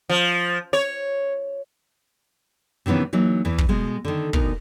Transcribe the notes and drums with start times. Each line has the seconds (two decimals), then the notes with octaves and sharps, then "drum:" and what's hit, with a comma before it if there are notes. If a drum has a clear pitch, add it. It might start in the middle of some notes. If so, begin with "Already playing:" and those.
0.09 F3
0.73 C#5
2.86 C3 D#3 E3 B3 C#4
3.13 E3 F#3 A#3 D#4
3.45 E2 E3
3.59 drum: kick
3.69 B2 G#3
4.05 D3 D#3
4.33 D2 B2 D#4 A#4, drum: kick